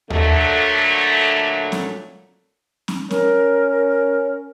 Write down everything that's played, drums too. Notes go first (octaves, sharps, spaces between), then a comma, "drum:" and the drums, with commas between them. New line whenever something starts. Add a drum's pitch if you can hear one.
A#2 D3 F#3 A3, drum: tom D#2
drum: snare
drum: snare
C#4 A#4, drum: snare